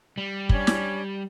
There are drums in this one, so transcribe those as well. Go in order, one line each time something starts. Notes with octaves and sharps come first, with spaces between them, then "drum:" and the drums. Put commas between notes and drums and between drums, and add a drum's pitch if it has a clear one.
G3
C#4 D4 G#6, drum: kick
drum: snare